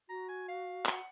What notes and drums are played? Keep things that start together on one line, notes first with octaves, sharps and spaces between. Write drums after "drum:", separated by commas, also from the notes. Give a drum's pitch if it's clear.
F#4 A#5
G#5
F5
F#5, drum: clap